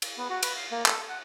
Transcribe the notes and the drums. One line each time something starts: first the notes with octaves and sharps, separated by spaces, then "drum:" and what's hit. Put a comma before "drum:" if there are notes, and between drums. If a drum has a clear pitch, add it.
drum: cymbal
B3
F#4
B4, drum: cymbal
F5
A#3
A4, drum: clap
F#5